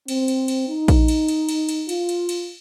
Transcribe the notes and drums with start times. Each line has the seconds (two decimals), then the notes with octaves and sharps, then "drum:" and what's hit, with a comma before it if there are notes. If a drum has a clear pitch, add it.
0.08 C4, drum: cymbal
0.28 drum: cymbal
0.48 drum: cymbal
0.68 D#4
0.88 drum: kick A#1, cymbal
1.08 drum: cymbal
1.28 drum: cymbal
1.49 drum: cymbal
1.69 drum: cymbal
1.89 F4, drum: cymbal
2.09 drum: cymbal
2.29 drum: cymbal